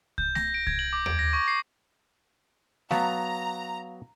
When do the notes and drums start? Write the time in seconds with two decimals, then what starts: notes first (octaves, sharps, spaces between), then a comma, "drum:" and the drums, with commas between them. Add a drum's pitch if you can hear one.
0.18 G6, drum: kick C2
0.35 A#6, drum: snare A3
0.54 D7
0.67 G#6, drum: kick C2
0.79 F#7
0.93 D6
1.06 D7, drum: tom D#2
1.19 A#6
1.33 C#6
1.48 C7
2.91 F#3 B3 F5 A5 A#5, drum: snare A3